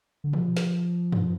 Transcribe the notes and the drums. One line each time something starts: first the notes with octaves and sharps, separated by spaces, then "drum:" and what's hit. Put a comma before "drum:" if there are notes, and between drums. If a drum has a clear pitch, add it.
D3
F3, drum: tom
drum: snare
drum: tom F#2